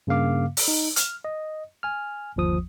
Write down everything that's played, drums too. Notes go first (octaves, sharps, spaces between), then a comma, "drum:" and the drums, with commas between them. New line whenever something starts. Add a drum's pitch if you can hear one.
G2 C#3 A#3 F5 D6
drum: open hi-hat
D#4
F6, drum: hi-hat
D#5
G#5 F6
G1 D#2 F3 D#6